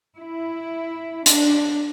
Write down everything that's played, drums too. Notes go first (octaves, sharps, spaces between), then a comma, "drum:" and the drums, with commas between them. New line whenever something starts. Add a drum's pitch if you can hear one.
E4
D4, drum: hi-hat